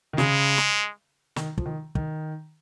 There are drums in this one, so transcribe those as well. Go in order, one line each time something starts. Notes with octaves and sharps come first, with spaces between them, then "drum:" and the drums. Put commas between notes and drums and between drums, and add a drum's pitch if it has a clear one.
D#3
C#3 G#3, drum: snare
drum: snare
D#3, drum: snare
F3, drum: kick
D#3
D#3, drum: kick